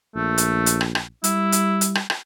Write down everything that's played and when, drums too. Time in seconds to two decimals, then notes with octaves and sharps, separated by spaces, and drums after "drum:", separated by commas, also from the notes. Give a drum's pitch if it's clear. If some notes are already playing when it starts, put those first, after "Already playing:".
0.16 A#1 A3
0.38 drum: hi-hat
0.66 drum: hi-hat
0.81 drum: rim click
0.95 drum: rim click
1.24 G3 E4, drum: hi-hat
1.52 drum: hi-hat
1.81 drum: hi-hat
1.95 drum: rim click
2.10 drum: rim click